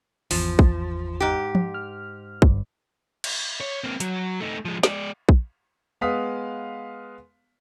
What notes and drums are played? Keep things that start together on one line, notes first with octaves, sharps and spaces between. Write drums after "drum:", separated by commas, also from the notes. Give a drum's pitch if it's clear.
G#1 E2 F3, drum: open hi-hat
drum: kick
G#2 G4
drum: tom F3
F6
G1 G2, drum: kick
drum: cymbal
C#5
A#3 C4
F#3, drum: hi-hat
A3 D#4
F3 G#3
G#3 D5, drum: snare
drum: kick
G#3 B3 B4 F5 D#6 B6